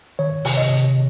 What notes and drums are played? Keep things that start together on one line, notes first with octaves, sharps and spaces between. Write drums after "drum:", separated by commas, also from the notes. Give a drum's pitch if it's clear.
D#3 C#5
C3, drum: open hi-hat
D#5
C3